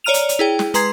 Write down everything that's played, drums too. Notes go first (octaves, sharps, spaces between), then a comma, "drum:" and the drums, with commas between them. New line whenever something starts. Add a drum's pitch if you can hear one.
C#5 D5 A#5 F6 D#7 F7
drum: hi-hat
drum: hi-hat
E4 G#4 G5
drum: snare
G#3 B4 A#5 C6 G#6 C7, drum: hi-hat